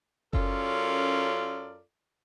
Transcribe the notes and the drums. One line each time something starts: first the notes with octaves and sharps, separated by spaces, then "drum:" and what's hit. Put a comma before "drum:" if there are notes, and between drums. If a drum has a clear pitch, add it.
F#2 C#4 F4 A4 A#4 D5, drum: kick F#1